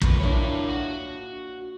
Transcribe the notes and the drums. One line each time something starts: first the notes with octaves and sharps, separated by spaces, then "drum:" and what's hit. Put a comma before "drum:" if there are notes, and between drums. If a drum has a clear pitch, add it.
F2 A#2 F#4 A#4 B4, drum: kick
A#3 D4 E4 C#5
F#4